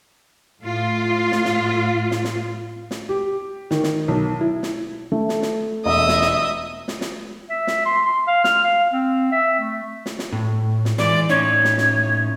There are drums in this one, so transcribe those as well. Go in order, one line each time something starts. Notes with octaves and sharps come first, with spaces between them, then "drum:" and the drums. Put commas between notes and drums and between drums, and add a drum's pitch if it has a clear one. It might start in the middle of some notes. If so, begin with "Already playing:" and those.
A2 F4
drum: snare
drum: snare
drum: snare
drum: snare
drum: snare
G4
D#3, drum: snare
drum: snare
B1
E4
drum: snare
A3
drum: snare
drum: snare
E1 D#5 E5 D#6
drum: snare
drum: snare
drum: snare
drum: snare
E5
drum: snare
C6
C6
F5
F6, drum: snare
F5
C4
E5
A3
drum: snare
drum: snare
A2
drum: snare
E3 G#3 D5, drum: snare
A2 C#4 D#4 C#5
drum: snare
drum: snare